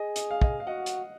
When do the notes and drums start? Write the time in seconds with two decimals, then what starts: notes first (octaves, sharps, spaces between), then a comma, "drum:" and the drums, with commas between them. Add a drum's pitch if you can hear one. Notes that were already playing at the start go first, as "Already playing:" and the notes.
Already playing: G#4 D#5
0.16 D#5, drum: hi-hat
0.31 F5
0.42 D#5, drum: kick
0.60 F5
0.67 F#4 D#5 F#5
0.86 drum: hi-hat